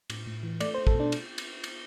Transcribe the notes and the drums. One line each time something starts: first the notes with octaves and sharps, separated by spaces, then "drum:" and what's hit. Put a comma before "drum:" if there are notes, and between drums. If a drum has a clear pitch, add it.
A2, drum: cymbal
A2
E3
A3 D5, drum: cymbal
A3 C5
A4, drum: kick
B2
D4
drum: cymbal
drum: cymbal
drum: cymbal